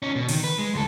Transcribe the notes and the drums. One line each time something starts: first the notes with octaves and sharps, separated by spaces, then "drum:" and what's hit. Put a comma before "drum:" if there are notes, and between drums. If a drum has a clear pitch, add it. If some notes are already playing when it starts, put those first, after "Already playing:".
C#4 D#4
B2
D#3, drum: cymbal
B4
G#3
D2 A4